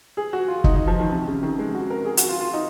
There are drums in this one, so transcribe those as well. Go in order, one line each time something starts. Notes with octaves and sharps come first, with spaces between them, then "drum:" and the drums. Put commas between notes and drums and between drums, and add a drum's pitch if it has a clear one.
G#4
F#4
F4
D#4, drum: kick
D#4
F3
D#3
C3
C#3
D#3
G#3
F#4
A#4
G#4
F#4, drum: hi-hat
F4
F4
D#4